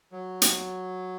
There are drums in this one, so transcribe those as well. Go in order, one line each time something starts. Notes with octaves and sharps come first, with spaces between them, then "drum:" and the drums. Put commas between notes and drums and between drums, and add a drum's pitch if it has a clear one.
F#3
drum: hi-hat